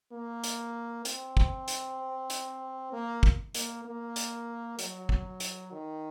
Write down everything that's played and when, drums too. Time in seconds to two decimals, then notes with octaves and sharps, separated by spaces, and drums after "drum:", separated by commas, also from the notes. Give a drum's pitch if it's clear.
0.12 A#3
0.44 drum: hi-hat
1.05 C4, drum: hi-hat
1.37 drum: kick
1.68 drum: hi-hat
2.30 drum: hi-hat
2.92 A#3
3.23 drum: kick
3.55 A#3, drum: hi-hat
3.85 A#3
4.16 drum: hi-hat
4.79 F#3, drum: hi-hat
5.09 drum: kick
5.40 drum: hi-hat
5.72 D#3